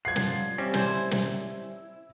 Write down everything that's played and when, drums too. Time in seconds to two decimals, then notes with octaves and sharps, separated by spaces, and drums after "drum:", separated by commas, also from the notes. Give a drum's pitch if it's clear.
0.05 G2 F3 F4 F#5 G#6 C7
0.16 drum: snare
0.58 G3 C4 C#4 E4
0.74 C5 G#5 A5, drum: snare
1.11 drum: snare